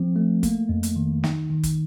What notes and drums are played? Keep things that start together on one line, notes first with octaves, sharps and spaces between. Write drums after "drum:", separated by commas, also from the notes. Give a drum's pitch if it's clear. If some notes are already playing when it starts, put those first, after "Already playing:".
Already playing: F3 C4
A3
A#3, drum: kick, hi-hat
F2
drum: hi-hat
D#3
D#4, drum: snare
D#3
drum: kick, hi-hat